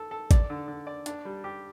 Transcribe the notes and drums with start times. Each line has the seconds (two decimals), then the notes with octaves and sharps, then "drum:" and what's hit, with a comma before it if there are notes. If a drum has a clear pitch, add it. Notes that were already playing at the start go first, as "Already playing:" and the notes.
Already playing: A4
0.11 A4
0.31 D5, drum: kick G#1, hi-hat
0.50 D3
0.68 D3
0.87 D5
1.06 D4, drum: hi-hat
1.25 G3
1.44 G4